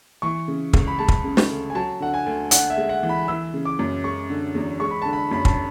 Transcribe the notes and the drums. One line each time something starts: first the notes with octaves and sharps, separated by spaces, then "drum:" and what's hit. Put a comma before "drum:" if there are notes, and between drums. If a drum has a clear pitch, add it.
E3 C#6
C#3
C#2, drum: kick
B5
G#3 A5
drum: kick
C#3
drum: snare
D2
G#5
F#3 A5
D3 F#5
G#5
D2
D4 F#5, drum: hi-hat
E5
G#3
F#5
E3
B5
E3 E6
C#3
D6
F#2
G#3 C#6
D3
E2
G#3 C#6
B5
D3 A5
B5
F#2 B5
A5, drum: kick